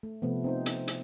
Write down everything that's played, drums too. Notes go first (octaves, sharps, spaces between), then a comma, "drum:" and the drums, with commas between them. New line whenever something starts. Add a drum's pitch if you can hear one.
A3
C3 F3 A3 B3
C4 D#4 C5
drum: hi-hat
drum: hi-hat